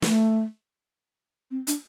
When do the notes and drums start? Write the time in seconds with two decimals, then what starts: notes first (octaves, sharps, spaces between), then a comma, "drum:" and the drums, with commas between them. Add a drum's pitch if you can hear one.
0.02 A3, drum: snare
1.51 C4
1.67 D4, drum: hi-hat